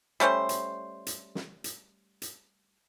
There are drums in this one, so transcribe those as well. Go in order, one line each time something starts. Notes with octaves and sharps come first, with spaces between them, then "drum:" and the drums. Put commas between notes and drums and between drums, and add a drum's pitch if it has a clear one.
G3 A3 C#4 C5
drum: hi-hat
drum: hi-hat
drum: snare
drum: hi-hat
drum: hi-hat